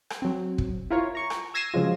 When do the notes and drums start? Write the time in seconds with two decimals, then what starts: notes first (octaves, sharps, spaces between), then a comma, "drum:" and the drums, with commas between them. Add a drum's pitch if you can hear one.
0.10 drum: rim click
0.22 F#3 C4
0.58 drum: kick
0.91 E4 F4 A#4 C#5
1.15 A#5 C#6
1.30 drum: rim click
1.54 E6 G#6 A#6 C7 D#7 E7
1.74 C#3 F3 F#3 G#3 F4